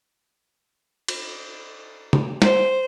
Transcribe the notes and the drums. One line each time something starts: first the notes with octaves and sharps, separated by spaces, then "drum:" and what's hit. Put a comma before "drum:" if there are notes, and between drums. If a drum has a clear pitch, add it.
drum: cymbal
drum: tom C#3
C5, drum: snare